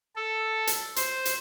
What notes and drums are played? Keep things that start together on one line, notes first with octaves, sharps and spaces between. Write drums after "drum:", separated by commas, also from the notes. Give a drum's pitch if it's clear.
A4
drum: hi-hat
C5, drum: hi-hat
drum: hi-hat